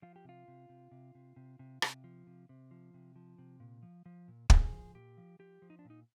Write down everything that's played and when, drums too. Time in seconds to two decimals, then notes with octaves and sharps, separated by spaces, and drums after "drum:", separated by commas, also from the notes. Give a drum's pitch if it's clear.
0.02 F3 F4
0.16 G4
0.25 C3 F4
0.48 C3
0.69 C3
0.91 C3
1.15 C3
1.36 C3
1.59 C3
1.82 C3, drum: rim click
2.04 F3
2.27 C3
2.49 C3
2.71 F3
2.94 C3
3.16 F3
3.38 C3
3.60 A#2
3.83 F3
4.06 F3
4.28 A#2
4.50 A#2 G#4, drum: kick
4.72 F3
4.95 A#2 G4
5.18 F3
5.39 F3 G4
5.62 F3
5.70 D#4
5.79 D4
5.85 A#2
5.90 D#4